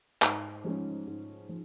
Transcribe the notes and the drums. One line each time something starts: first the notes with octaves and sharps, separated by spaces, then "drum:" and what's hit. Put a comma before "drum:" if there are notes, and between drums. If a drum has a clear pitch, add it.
G#2, drum: clap
F3 G#3 C#4
G#2
F3